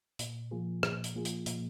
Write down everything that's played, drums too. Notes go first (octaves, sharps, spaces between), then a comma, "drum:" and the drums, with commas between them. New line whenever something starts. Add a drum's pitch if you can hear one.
A#2, drum: hi-hat
F3 A#3 F4 G#4
A#2, drum: rim click
drum: hi-hat
F3 A#3 F4 G#4
drum: hi-hat
A#2, drum: hi-hat